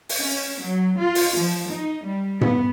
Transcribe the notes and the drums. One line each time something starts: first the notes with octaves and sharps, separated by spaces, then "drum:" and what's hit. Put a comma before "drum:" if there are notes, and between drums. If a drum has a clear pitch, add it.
drum: open hi-hat
C#4
F#3
F4
drum: open hi-hat
F3
D#4
G3
B3, drum: tom G#2